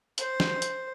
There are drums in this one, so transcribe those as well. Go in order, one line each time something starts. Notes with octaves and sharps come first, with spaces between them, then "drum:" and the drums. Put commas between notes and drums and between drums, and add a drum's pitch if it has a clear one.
C5, drum: hi-hat
drum: snare
drum: hi-hat